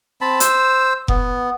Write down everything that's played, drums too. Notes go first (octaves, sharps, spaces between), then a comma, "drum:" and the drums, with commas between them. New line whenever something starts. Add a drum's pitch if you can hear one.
C4 A5 B5
C5 E6, drum: hi-hat
B3, drum: kick F1